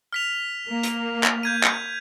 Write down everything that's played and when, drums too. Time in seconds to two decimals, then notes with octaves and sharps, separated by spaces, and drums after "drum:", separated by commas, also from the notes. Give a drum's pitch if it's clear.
0.13 F6 B6 F7
0.67 A#3
0.83 drum: hi-hat
1.23 drum: clap
1.43 G6 G#6 D#7
1.63 drum: clap